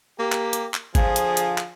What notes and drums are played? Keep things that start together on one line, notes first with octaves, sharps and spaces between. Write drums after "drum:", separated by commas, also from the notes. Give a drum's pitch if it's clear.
A#3 G4
drum: clap
drum: hi-hat
drum: clap
D3 F3 G#4, drum: kick, hi-hat
drum: hi-hat
drum: hi-hat
drum: clap